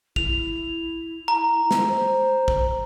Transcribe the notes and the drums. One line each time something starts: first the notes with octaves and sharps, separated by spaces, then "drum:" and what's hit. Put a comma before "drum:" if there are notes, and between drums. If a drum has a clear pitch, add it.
E4 F7, drum: kick
A#5
drum: snare
C5
drum: kick